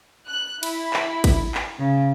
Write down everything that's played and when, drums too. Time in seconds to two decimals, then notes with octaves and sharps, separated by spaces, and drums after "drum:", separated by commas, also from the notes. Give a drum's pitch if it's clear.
0.27 F#6
0.63 E4, drum: cymbal
0.93 drum: clap
1.24 drum: kick, cymbal
1.55 drum: clap
1.78 C#3